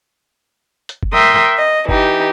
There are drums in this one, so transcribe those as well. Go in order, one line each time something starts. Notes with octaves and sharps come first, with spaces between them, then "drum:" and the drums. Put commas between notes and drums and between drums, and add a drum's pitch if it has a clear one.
drum: hi-hat
drum: kick F#1
A#4 E5 G5 C6 D#6
D#5
E3 D#4 G4, drum: kick F#1